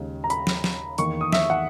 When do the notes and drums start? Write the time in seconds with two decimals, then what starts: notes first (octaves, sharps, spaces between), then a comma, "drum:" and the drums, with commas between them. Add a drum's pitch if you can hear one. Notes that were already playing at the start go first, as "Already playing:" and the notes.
Already playing: D#2 C#3 G#3
0.24 A#5
0.30 B5, drum: hi-hat
0.47 drum: snare
0.64 drum: snare
0.98 E2 D#3 A#3 C#6, drum: hi-hat
1.21 D#6
1.33 E5, drum: snare
1.50 F#5